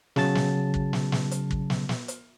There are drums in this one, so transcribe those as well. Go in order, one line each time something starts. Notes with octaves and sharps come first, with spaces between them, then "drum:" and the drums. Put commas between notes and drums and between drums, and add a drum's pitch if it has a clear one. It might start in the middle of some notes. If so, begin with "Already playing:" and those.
C#3 F#3 A5 A6, drum: snare
drum: snare
drum: kick
drum: snare
drum: snare
drum: hi-hat
drum: kick
drum: snare
drum: snare
drum: hi-hat